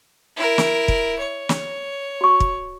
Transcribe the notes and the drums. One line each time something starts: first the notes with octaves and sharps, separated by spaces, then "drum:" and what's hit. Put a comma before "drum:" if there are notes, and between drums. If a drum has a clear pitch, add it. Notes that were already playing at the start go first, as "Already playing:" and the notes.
E4 A#4
drum: snare
drum: kick
C#5
drum: snare
F#4 C#6
drum: kick